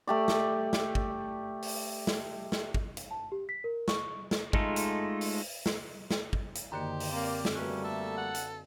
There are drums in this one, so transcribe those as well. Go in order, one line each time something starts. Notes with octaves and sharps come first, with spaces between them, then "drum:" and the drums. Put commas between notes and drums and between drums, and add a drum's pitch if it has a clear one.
A3 G4 D5
drum: snare
drum: snare
drum: kick
drum: open hi-hat
drum: snare
drum: snare
drum: kick
drum: hi-hat
A5
G4
B6
A#4
C#6, drum: snare
drum: snare
G#3 A3 D#4 F4 A4, drum: kick
drum: hi-hat
drum: open hi-hat
drum: snare
drum: snare
drum: kick
drum: hi-hat
F#2 D3 D#3 A#3 G4 C5
drum: open hi-hat
A#3 C4 D5
drum: snare
G3 A3 A#3 C#4 F#4 B4
A4 E5
F#5
drum: hi-hat